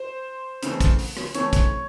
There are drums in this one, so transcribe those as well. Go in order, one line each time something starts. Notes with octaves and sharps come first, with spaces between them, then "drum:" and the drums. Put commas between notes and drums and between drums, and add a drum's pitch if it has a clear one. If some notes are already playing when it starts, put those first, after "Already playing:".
Already playing: C5
C#3 E3 A3 C4, drum: hi-hat
drum: kick, hi-hat
drum: open hi-hat
drum: rim click
C#3 E3 A3 C4 C#5, drum: hi-hat
drum: kick, hi-hat